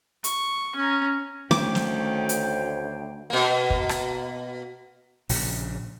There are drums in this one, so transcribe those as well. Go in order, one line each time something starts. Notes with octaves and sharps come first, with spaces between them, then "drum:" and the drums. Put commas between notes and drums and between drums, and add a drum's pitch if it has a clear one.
C#6, drum: hi-hat
C#4 A#5
D2 D#3 A3 C#4 C5 C#5 G5 D6, drum: snare
drum: snare
drum: hi-hat
B2 A#3
drum: kick
drum: rim click
A#1 A#2 C#3, drum: open hi-hat